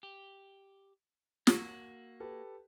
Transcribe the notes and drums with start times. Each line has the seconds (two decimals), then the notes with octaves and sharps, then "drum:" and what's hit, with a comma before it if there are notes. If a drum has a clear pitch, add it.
0.03 G4
1.47 A#3 F#4 E6 B6, drum: snare
2.20 G4 A4 B4